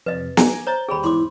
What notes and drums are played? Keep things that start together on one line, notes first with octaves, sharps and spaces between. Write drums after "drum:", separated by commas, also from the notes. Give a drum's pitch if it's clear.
F2 C3 B4 D#5
G#5 A#5 D6, drum: snare
C5 A#5 G6 A6
D#2 G3 G#4 G5 B5
E2 G#2 E4 C6 D6